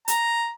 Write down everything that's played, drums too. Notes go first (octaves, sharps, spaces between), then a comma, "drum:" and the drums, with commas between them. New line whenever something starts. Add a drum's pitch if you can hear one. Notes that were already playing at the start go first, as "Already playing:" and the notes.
A#5, drum: hi-hat